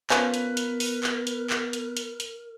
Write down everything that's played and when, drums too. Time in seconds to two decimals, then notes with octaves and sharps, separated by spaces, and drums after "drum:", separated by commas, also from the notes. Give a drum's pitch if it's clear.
0.10 F3 B3 C#4 A#4 B4, drum: clap
0.34 drum: hi-hat
0.57 drum: hi-hat
0.80 drum: open hi-hat
1.03 drum: clap
1.27 drum: hi-hat
1.50 drum: clap
1.73 drum: hi-hat
1.97 drum: hi-hat
2.20 drum: hi-hat